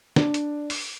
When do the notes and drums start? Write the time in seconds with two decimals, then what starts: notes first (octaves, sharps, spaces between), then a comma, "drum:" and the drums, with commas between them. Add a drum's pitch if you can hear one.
0.16 D4, drum: snare
0.34 drum: hi-hat
0.70 drum: open hi-hat